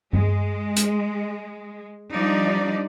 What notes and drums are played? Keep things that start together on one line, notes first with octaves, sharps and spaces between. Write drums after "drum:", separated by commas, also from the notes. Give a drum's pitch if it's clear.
G#3, drum: tom G2
drum: hi-hat
F3 G3 D4 D#4 D5